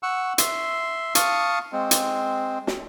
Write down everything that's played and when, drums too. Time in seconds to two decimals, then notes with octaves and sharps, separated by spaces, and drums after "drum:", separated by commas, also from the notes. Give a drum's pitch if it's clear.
0.03 F#5 C#6 E6
0.38 E5 C6, drum: hi-hat
1.15 F5 A5 C#6 D#6, drum: hi-hat
1.73 G#3 C4
1.91 drum: hi-hat
2.67 drum: snare